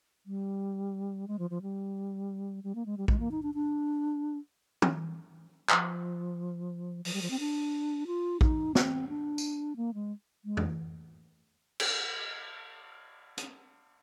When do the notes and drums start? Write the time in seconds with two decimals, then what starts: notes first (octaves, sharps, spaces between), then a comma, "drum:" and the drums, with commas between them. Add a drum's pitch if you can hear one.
0.26 G3
1.28 G#3
1.39 F3
1.50 F3
1.62 G3
2.64 G3
2.75 A#3
2.86 G#3
2.97 G3
3.08 G#3, drum: kick A#1
3.19 A#3
3.31 D#4
3.43 D4
3.54 D4
4.82 drum: tom
5.69 F3, drum: clap
7.05 F3, drum: open hi-hat
7.13 G3
7.22 F3
7.31 C4
7.39 D4
8.07 F4
8.41 D#4, drum: kick A#1
8.75 C4, drum: snare
9.08 D4
9.38 drum: tambourine
9.76 A#3
9.94 G#3
10.45 G#3
10.57 drum: tom F2
11.80 drum: cymbal
13.38 drum: hi-hat